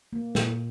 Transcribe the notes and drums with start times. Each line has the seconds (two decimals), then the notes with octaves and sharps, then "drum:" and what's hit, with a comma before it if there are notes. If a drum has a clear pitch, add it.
0.13 A#3
0.35 A#2, drum: snare